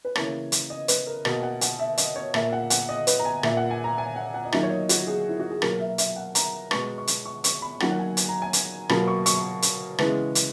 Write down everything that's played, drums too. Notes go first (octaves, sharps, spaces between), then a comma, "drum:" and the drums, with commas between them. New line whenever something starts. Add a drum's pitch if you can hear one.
B4
C#3 E3 A#3 C#5, drum: rim click
drum: hi-hat
D#5
B4, drum: hi-hat
A#4
B2 A#3 D#5, drum: rim click
F#5
F#5, drum: hi-hat
E5
D#5, drum: hi-hat
C#5
A#2 A#3 E5, drum: rim click
F#5
F#5, drum: hi-hat
D#5
B4, drum: hi-hat
A#5
G#5
A#2 A#3 E5, drum: rim click
F#5
G#5
A#5
G#5
F#5
F#5
D#5
D#3 F#3 A#3 E5, drum: rim click
C#5
D#5
F#4, drum: hi-hat
G#4
E4
F#4
G#4
B2 F#3 A#3 A#4, drum: rim click
E5
E5, drum: hi-hat
F#5
A#5, drum: hi-hat
B2 G#3 B3 C#6, drum: rim click
C#6
drum: hi-hat
C#6
C#6, drum: hi-hat
B5
D#3 F#3 A#3 F#5, drum: rim click
F#5
G#5
G#5, drum: hi-hat
A#5
G#5
drum: hi-hat
B2 F#3 A#3 B5, drum: rim click
C#6
C#6, drum: hi-hat
drum: hi-hat
C#3 E3 G#3 B3, drum: rim click
drum: hi-hat